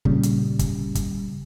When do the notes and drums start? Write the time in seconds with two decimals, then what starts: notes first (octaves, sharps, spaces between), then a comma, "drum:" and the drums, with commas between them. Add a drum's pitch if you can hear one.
0.05 A#2 C#3 G3, drum: kick
0.23 drum: hi-hat
0.59 drum: kick, hi-hat
0.95 drum: kick, hi-hat